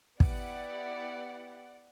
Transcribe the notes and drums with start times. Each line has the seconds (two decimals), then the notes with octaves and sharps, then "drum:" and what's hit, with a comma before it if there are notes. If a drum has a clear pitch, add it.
0.20 B3 E4 G4 D5 F#5, drum: kick